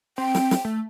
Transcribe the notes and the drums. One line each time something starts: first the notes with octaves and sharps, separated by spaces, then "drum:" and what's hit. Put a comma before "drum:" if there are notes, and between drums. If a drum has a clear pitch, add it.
C4 G5
drum: snare
drum: snare
A3